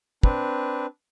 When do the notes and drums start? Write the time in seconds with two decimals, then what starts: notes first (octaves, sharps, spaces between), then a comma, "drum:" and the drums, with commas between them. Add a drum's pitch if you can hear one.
0.23 C4 D4 B4, drum: kick